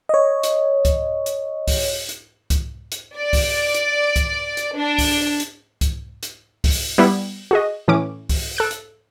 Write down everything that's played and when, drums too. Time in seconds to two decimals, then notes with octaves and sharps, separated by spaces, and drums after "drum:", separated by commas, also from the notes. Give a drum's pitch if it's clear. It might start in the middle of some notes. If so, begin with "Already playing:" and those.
0.09 C#5 D#5
0.43 drum: hi-hat
0.85 drum: kick C2, hi-hat
1.26 drum: hi-hat
1.68 drum: kick C2, open hi-hat
2.09 drum: hi-hat
2.50 drum: kick C2, hi-hat
2.92 drum: hi-hat
3.17 D5
3.33 drum: kick C2, open hi-hat
3.74 drum: hi-hat
4.16 drum: kick C2, hi-hat
4.57 drum: hi-hat
4.78 D4
4.99 drum: kick C2, open hi-hat
5.40 drum: hi-hat
5.81 drum: kick C2, hi-hat
6.23 drum: hi-hat
6.64 drum: kick C2, open hi-hat
6.98 G3 B3 E4
7.51 F#4 G#4 D#5
7.88 A2 E3 C#4 D6 D7
8.29 drum: kick C2, open hi-hat
8.57 A4 F#6 D7
8.71 drum: hi-hat